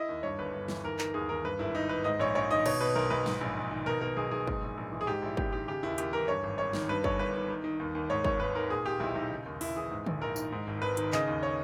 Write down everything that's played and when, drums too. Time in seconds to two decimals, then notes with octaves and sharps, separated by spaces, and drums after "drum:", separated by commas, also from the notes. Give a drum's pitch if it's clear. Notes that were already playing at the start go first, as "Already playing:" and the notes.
Already playing: E4 D#5
0.09 D#2
0.23 G2 C#5
0.39 G1 B4
0.54 G1
0.68 E3, drum: snare
0.83 D#3 A#4
0.99 D#3 A#4, drum: clap
1.14 D#2 G#4
1.29 D#2 A#4
1.45 G2 B4
1.59 G#1 E4
1.75 G#1 D#4
1.89 D#3 B4
2.04 G#2 D#5
2.19 A#1 C#5
2.35 A#1 C#5
2.51 D#3 D#5
2.66 B2 C#5, drum: cymbal
2.81 B2 B4
2.96 B1 A#4
3.10 B1 B4
3.26 G#2, drum: snare
3.41 A#1
3.57 A#1
3.71 D#3
3.86 B2 A#4
4.01 B2 A#4
4.17 B1 G#4
4.31 B1 G#4
4.47 G#2, drum: kick
4.62 A#1
4.77 A#1
4.92 E3
5.01 G#4
5.07 G#2 G4
5.22 A#1 E4
5.37 A#1 G4, drum: kick
5.53 D#3 G4
5.68 C#3 G4
5.83 D#2 E4
5.98 D#2 G4, drum: hi-hat
6.13 E3 A#4
6.28 G2 C#5
6.43 G#1
6.58 G#1 C#5
6.73 D#3, drum: snare
6.89 G2 B4
7.04 G1 C#5, drum: kick
7.19 G1 B4
7.34 D#3
7.49 D#3
7.64 D#3
7.80 D#2
7.95 D#2
8.10 G#2 C#5
8.24 G#1 C#5, drum: kick
8.40 G#1 B4
8.55 D#3 A#4
8.70 A#2 G#4
8.86 A#2 G4
9.00 B1 E4
9.15 B1 D#4
9.31 C#3
9.46 D#2
9.61 D#2 E4, drum: open hi-hat
9.76 E3 G#4
9.91 G#2
10.06 A#1, drum: tom D3
10.21 A#1 A#4
10.36 D#3, drum: tambourine
10.52 G#2
10.67 G#1
10.82 G#1 B4
10.97 D#3, drum: hi-hat
11.12 C#3 D#5, drum: clap
11.28 D#2
11.43 C#5